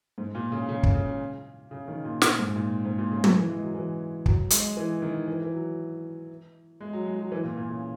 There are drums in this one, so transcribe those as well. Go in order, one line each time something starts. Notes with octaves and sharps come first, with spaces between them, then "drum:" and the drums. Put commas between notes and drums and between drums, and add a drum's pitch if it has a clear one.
G#2
A#2
C#3
C#3
drum: kick
C#3
C#3
D#3
A#2
A#2, drum: snare
G#2
A#2
G#2
A#2
C#3
C#3, drum: tom
E3
G#3
F#3
E3
F#3, drum: kick
G#3, drum: hi-hat
E3
D#3
E3
E3
F#3
G#3
F#3
G#3
F#3
E3
A#2
A#2
C#3